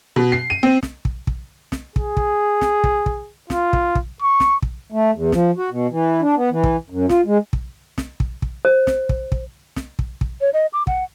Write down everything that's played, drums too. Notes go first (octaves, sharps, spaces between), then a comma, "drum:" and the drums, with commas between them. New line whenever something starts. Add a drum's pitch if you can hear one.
B2
C7
D#7
C4
drum: snare
drum: kick
drum: kick
drum: snare
G#4, drum: kick
drum: kick
drum: snare
drum: kick
drum: kick
F4, drum: snare
drum: kick
drum: kick
C#6
drum: snare
drum: kick
A3
E2
F3, drum: snare
F#4
B2
E3
D4
B3
E3
drum: kick
F#2
F4, drum: snare
G#3
drum: kick
drum: snare
drum: kick
drum: kick
C5
drum: snare
drum: kick
drum: kick
drum: snare
drum: kick
drum: kick
C#5
D#5
D6
F#5, drum: kick